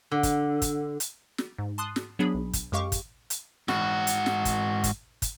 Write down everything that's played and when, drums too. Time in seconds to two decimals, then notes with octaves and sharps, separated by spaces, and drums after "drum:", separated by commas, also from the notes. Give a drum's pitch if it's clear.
0.11 D3
0.23 drum: kick, hi-hat
0.62 drum: kick, hi-hat
1.00 drum: hi-hat
1.38 drum: snare
1.58 G#2
1.78 A5 C6 D#6 F#6
1.96 drum: snare
2.19 F#3 B3 D4 G#4 B5
2.34 B1
2.53 drum: kick, hi-hat
2.72 F#2 G#3 G4 F5 C#6 D6
2.92 drum: kick, hi-hat
3.30 drum: hi-hat
3.68 G#2 F#4, drum: snare
4.07 drum: hi-hat
4.26 drum: snare
4.45 drum: kick, hi-hat
4.84 drum: kick, hi-hat
5.22 drum: kick, hi-hat